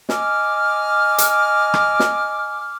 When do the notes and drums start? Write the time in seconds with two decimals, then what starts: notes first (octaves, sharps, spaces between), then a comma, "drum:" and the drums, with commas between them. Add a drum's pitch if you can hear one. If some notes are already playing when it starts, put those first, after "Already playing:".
0.09 D#5 G#5 D6 F6, drum: snare
1.18 drum: hi-hat
1.74 drum: rim click
2.00 drum: snare